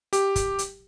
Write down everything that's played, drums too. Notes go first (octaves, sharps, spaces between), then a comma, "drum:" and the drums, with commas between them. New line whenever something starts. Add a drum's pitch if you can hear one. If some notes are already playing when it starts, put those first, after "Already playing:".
G4, drum: hi-hat
drum: kick, hi-hat
drum: hi-hat